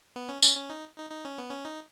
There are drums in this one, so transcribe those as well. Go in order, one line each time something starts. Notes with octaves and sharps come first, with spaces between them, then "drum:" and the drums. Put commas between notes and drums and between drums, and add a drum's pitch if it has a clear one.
B3
C#4
C#4, drum: tambourine
C#4
D#4
D#4
D#4
C#4
B3
C#4
D#4